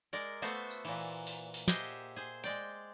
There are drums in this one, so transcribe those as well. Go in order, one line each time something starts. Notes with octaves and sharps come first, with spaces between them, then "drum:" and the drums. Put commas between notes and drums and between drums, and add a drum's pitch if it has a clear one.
G#3 A#4 D5
A3 B3 F#4 C5 E5 F5
drum: tambourine
A#2 E3, drum: cymbal
drum: open hi-hat
drum: open hi-hat
G4 G#4 C5 D#5 E5 F#5, drum: snare
G#4 C5
G#3 D5 G5, drum: hi-hat